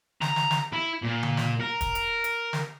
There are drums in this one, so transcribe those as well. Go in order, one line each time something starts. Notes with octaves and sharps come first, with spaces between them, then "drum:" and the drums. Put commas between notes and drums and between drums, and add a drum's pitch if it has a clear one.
A#5, drum: snare
drum: snare
drum: snare
E4
A#2
drum: tom C#3
drum: snare
A#4
drum: kick, hi-hat
drum: hi-hat
drum: hi-hat
drum: snare